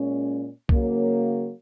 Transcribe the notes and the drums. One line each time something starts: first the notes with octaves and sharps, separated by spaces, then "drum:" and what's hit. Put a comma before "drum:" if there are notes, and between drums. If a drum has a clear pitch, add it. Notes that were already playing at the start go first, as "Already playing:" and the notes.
Already playing: A#2 G#3 C#4
C#3 F#3 A#3, drum: kick B1